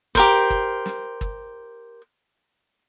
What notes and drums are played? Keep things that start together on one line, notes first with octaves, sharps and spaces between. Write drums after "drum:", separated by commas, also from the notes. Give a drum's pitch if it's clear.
G4 A#4 C5, drum: kick
drum: kick
drum: snare
drum: kick